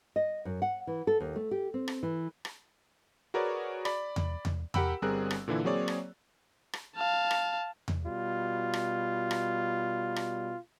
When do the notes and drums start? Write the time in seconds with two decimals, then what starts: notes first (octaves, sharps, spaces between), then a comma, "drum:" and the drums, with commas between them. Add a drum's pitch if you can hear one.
0.16 D#5
0.45 F#2
0.62 F#5
0.87 E3
1.07 A4
1.20 D#2
1.36 A3
1.51 G4
1.74 C4
1.88 drum: rim click
2.03 E3
2.45 drum: rim click
3.34 F#4 G#4 A#4 B4 C#5 D5
3.85 D5 B5, drum: rim click
4.16 drum: tom E2
4.45 drum: tom E2
4.74 G4 A#4 F#5 G5 B5 E6, drum: tom E2
5.02 G1 G3 C4 G#4 A#4 F#6
5.31 drum: rim click
5.48 A#2 D3 E3 E4
5.64 F#3 A#3 C4 G#4 C#5 D5
5.88 drum: rim click
6.73 drum: rim click
6.96 F5 A5
7.31 drum: rim click
7.88 drum: tom E2
8.03 B2 G3 F4
8.73 drum: rim click
9.31 drum: rim click
10.16 drum: rim click